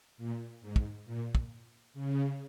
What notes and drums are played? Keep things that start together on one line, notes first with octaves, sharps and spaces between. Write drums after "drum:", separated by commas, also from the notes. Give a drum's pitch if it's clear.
A#2
G#2
drum: kick
A#2
drum: kick
C#3